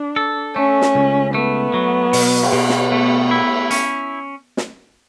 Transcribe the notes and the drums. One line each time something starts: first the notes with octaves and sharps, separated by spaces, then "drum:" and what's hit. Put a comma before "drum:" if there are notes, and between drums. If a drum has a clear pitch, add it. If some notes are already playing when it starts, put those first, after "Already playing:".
Already playing: D4
A4
A3 C#4
drum: snare
C#2
A3 B3
F#3
B2, drum: open hi-hat
drum: cymbal
B2
drum: snare
A3 B3
E4
C#4, drum: hi-hat
drum: snare